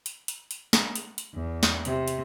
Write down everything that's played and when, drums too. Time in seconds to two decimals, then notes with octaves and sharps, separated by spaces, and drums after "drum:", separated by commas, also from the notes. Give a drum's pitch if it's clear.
0.06 drum: hi-hat
0.28 drum: hi-hat
0.51 drum: hi-hat
0.73 drum: snare
0.95 drum: hi-hat
1.18 drum: hi-hat
1.35 E2
1.63 drum: snare
1.85 C3, drum: hi-hat
2.08 drum: hi-hat